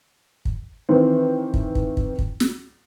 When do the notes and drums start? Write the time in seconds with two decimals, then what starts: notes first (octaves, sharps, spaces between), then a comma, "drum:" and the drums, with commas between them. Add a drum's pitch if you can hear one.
0.45 drum: kick
0.89 D#3 E3 C4
1.54 drum: kick
1.75 drum: kick
1.97 drum: kick
2.19 drum: kick
2.40 drum: snare